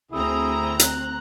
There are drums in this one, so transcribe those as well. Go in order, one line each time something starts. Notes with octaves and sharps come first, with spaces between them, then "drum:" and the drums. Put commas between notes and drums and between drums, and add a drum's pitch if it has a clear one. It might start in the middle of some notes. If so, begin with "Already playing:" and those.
D2 C4 E4 G#4 A#5 D#6
F#6, drum: hi-hat